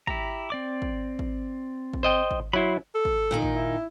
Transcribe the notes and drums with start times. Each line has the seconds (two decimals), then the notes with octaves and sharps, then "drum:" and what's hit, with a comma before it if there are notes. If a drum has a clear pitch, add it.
0.07 E4 G4 A#5, drum: kick
0.50 C4 D5 D6
0.82 drum: kick
1.19 drum: kick
1.93 drum: kick
2.03 C5 D#5 G5
2.31 drum: kick
2.53 F#3 E4 B5 C6
2.94 A4
3.05 drum: kick
3.31 A#2 D#3 D#4
3.42 drum: kick
3.56 E4